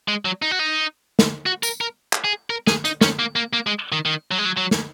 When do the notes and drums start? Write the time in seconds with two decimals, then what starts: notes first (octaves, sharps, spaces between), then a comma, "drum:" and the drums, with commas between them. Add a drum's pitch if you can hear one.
0.08 G#3
0.25 F#3
0.42 D#4
0.51 F#4
0.59 D#4
1.19 drum: snare
1.46 F#4
1.63 A#4, drum: tambourine
1.81 A#4
2.13 drum: clap
2.24 G#4
2.50 A#4
2.67 G#4, drum: snare
2.85 D#4, drum: hi-hat
3.01 C#4, drum: snare
3.19 A#3
3.36 A#3
3.53 A#3
3.67 G#3
3.92 D#3
4.05 D#3
4.31 F#3
4.38 G#3
4.45 F#3
4.57 F#3
4.71 drum: snare